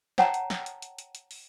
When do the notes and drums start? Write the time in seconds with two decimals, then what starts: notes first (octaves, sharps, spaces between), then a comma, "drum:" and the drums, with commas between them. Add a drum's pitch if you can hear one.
0.18 C#5 F#5 G5 A5 A#5, drum: snare
0.34 drum: hi-hat
0.50 drum: snare
0.66 drum: hi-hat
0.82 drum: hi-hat
0.99 drum: hi-hat
1.15 drum: hi-hat
1.31 drum: open hi-hat